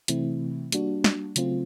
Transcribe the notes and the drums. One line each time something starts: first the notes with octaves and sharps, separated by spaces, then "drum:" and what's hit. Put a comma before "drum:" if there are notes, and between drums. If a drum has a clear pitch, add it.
C3 E3 A3 C4 E4, drum: hi-hat
G3 A#3 D4 F#4, drum: hi-hat
drum: snare
C#3 F#3 A3 C4 F4, drum: hi-hat